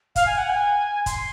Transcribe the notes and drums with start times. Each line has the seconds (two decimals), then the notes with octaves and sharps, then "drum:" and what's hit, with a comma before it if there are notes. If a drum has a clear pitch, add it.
0.16 F5, drum: kick, hi-hat
0.26 G#5
0.38 F#5
0.49 G#5
1.06 C6, drum: kick, hi-hat